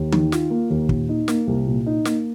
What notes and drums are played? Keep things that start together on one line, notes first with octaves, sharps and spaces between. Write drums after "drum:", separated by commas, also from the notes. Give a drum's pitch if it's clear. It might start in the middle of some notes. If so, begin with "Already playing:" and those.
Already playing: D#2
D#3, drum: tom E3
F4, drum: snare
A#3
D#2
A#2, drum: kick
D#4
A#3, drum: snare
C2
A#2
D#4
A#3, drum: snare